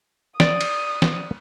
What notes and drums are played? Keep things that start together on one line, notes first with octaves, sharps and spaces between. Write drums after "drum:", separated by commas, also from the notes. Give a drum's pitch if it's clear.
D5 D#6, drum: snare
drum: cymbal
drum: snare